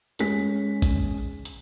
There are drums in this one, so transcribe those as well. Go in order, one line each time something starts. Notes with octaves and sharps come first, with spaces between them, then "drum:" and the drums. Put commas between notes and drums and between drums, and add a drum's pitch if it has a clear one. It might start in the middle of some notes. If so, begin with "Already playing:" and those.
G#3 C#4 G#4 B6, drum: hi-hat
drum: kick A1, hi-hat
drum: hi-hat